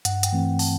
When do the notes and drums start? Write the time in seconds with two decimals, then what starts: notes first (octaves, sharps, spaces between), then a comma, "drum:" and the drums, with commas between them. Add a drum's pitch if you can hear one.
0.05 G2 F#5, drum: hi-hat
0.23 G5, drum: hi-hat
0.33 E3 A3 C4
0.59 A5, drum: open hi-hat